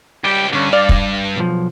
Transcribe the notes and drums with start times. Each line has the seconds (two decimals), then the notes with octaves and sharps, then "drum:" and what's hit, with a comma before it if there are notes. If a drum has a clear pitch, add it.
0.24 C#2 G3 G4 G5
0.53 G2 D3 C#4
0.73 D5 F5
0.89 drum: kick
1.36 B1 F3